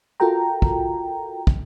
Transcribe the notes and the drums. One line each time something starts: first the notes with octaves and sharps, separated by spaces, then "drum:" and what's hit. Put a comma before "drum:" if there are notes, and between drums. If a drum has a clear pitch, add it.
F4 F#4 A4 A#4 G5 A#5
drum: kick
drum: kick